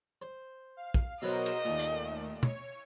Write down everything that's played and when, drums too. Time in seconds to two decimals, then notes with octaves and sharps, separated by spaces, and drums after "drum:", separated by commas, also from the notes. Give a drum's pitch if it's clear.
0.22 C5
0.77 F5
0.94 drum: kick
1.22 B2 F#3 B3 F#4 A#4 C5 D#5
1.46 drum: cymbal
1.65 D#2 A#2 D#3 A3
1.79 drum: hi-hat
2.43 C#5, drum: tom